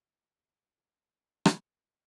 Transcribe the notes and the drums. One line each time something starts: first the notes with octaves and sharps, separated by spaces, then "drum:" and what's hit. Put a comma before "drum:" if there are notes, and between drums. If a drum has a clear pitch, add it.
G2 E3 F#3 A3
A2 C3 G3
drum: rim click